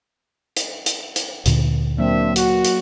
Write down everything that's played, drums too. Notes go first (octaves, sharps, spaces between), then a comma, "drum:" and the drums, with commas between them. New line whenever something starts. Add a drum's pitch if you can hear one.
drum: hi-hat
drum: hi-hat
drum: hi-hat
D2 A#2 D3, drum: hi-hat
F#3 A#3 C4 D4 E5
F#4, drum: hi-hat
drum: hi-hat